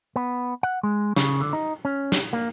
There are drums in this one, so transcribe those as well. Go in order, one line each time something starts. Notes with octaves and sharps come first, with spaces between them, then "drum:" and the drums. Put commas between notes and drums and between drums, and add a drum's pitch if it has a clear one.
B3
F#5
G#3
C#3, drum: snare
D3
D#4
C#4
drum: snare
A#3